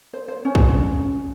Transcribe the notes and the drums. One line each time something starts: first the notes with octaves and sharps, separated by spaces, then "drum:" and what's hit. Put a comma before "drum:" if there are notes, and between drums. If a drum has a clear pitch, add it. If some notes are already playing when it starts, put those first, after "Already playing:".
C5
C5
C#4
drum: kick